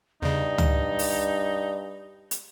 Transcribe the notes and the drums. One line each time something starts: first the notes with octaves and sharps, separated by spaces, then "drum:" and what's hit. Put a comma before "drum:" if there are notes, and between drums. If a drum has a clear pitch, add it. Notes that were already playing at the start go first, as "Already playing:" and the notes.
E2 G2 C#3 D#4 D5
drum: tom C#2
drum: open hi-hat
drum: hi-hat